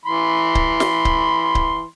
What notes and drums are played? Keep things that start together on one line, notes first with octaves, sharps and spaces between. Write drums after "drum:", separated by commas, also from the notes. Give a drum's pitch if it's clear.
E3 B5 C6
drum: kick C#1
drum: snare
drum: kick C#1
drum: kick C#1